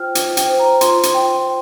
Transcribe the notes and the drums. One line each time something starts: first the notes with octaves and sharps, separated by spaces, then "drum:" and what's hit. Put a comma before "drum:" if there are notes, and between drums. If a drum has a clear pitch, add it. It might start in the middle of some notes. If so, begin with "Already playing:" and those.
Already playing: F4 C5 G5 F6
F4, drum: hi-hat
G5, drum: hi-hat
C5
A#5
F4 C6, drum: hi-hat
drum: hi-hat
F4 G5